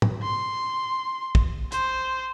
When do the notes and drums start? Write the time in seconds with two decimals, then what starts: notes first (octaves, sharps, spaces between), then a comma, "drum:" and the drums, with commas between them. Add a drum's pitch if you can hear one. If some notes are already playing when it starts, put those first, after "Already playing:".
0.02 drum: tom
0.23 C6
1.35 drum: kick
1.72 C5, drum: hi-hat